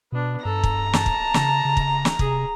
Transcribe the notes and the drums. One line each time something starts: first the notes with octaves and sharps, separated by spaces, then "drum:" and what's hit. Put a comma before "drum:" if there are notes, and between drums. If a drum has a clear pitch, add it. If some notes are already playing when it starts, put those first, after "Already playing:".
B2 B3 D4
G2 A4 A#5
drum: kick
A5, drum: snare
drum: kick
C#3, drum: snare
C#3
drum: kick
drum: snare
C3 G#4, drum: kick